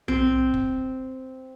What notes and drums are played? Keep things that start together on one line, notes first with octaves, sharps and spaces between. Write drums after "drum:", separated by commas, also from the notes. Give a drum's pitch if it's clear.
C4, drum: tom B1
drum: kick